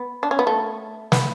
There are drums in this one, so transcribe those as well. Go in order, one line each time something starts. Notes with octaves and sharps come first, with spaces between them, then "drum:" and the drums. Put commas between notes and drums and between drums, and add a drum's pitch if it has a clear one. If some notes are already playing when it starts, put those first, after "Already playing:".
Already playing: B3
D4
C#4
B3
A3
B3, drum: snare